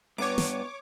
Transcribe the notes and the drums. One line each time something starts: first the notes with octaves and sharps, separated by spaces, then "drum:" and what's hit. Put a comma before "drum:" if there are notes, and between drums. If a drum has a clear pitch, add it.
G2 B3 C#5 D6
drum: snare